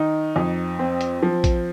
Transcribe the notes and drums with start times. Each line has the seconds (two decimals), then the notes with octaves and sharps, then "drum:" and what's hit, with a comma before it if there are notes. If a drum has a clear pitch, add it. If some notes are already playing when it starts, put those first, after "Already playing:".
Already playing: D#3 D#4
0.36 F2
0.79 C4
1.01 drum: hi-hat
1.23 F3
1.44 drum: kick, hi-hat